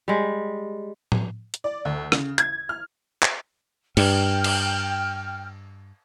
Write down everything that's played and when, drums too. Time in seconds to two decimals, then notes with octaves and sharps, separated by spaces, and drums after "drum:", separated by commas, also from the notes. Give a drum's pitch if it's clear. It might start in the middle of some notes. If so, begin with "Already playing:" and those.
0.08 G3 G#3
1.12 drum: tom
1.54 drum: hi-hat
1.64 D5
1.85 D2
2.12 C#3, drum: rim click
2.38 G#6, drum: hi-hat
2.69 F6
3.23 drum: clap
3.97 G2 G5 F6, drum: cymbal
4.44 drum: cymbal